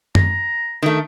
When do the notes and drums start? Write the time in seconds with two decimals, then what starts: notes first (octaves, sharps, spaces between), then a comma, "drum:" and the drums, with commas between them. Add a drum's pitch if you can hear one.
0.15 A#5, drum: tom F#2
0.82 D#3 A3